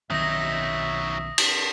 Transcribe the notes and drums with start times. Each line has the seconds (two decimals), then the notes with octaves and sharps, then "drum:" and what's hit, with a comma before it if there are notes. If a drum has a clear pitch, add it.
0.10 B1 D#3 F#3 C4 D#4 E5 D#6 A#6
1.38 drum: cymbal